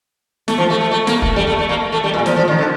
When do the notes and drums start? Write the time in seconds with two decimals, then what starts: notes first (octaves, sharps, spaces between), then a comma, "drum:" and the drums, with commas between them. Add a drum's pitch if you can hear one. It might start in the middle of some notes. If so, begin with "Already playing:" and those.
0.48 A3, drum: snare
0.58 F3
0.70 A3
0.81 A3
0.91 A3
1.07 A#3, drum: snare
1.22 A3, drum: kick
1.36 G3
1.47 A3
1.59 A3
1.69 A#3
1.92 A3
2.04 G3
2.14 A#2
2.26 F3, drum: snare
2.36 F3
2.48 D#3
2.59 D3